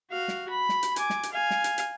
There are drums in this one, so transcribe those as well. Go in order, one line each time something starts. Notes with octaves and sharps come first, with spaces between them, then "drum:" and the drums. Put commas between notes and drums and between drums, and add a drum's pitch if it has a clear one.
F#4 F5
drum: snare
B5
drum: snare
drum: hi-hat
G#5 D6, drum: hi-hat
drum: snare
drum: hi-hat
F5 G#5
drum: snare
drum: hi-hat
drum: hi-hat